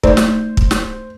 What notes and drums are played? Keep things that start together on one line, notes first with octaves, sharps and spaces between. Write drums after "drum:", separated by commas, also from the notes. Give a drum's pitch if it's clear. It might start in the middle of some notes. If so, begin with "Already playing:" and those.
A3 D#4 C5 D5, drum: kick
drum: snare
drum: kick
drum: snare